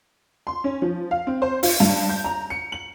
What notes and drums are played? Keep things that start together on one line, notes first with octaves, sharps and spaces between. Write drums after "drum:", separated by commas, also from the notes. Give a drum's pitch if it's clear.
C6
C#4
F3
F5
C4
C5
F4, drum: open hi-hat
G2
G6
A#5
C#7
F#7